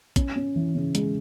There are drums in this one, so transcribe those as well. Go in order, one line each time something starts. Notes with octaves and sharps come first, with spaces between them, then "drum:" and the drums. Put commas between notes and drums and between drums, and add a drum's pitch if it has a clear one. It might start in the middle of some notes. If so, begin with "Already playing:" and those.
C#4, drum: kick, hi-hat
C#4
E3
C#3
G#3, drum: hi-hat